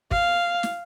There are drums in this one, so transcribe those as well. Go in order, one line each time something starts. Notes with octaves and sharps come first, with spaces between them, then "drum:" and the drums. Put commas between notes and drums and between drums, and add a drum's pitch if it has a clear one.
F5, drum: kick
drum: snare